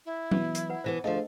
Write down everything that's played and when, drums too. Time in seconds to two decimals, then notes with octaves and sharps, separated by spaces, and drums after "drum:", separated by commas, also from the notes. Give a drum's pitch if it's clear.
0.05 E4
0.31 E3 F#3 B3, drum: tom F#3
0.55 drum: hi-hat
0.70 B4 F#5
0.84 B2 E3 B3 C5
1.04 D2 F3 A3 G#4 A4 D#5 F5